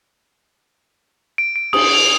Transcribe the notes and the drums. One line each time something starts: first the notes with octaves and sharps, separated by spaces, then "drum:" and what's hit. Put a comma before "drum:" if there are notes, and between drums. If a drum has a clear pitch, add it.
D7
D7
D#6, drum: cymbal
F7